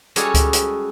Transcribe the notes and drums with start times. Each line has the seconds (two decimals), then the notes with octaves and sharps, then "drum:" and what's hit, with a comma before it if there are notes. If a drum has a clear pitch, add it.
0.16 G3 G#3 C#4 F#4 G#4 A4, drum: hi-hat
0.34 drum: kick C#2, hi-hat
0.53 drum: hi-hat